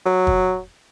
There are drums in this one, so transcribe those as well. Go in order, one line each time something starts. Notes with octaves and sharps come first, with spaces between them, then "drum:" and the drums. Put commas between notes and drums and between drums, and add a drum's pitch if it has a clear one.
F#3
drum: kick